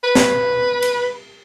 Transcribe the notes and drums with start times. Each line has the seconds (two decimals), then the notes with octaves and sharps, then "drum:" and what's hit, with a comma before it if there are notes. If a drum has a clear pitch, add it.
0.04 B4
0.15 drum: snare
0.82 drum: cymbal